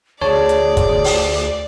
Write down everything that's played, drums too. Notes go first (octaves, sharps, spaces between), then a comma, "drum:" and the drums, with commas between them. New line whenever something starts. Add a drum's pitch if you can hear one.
D2 G#4 C#5 D5 A5
drum: hi-hat
drum: kick, hi-hat
drum: open hi-hat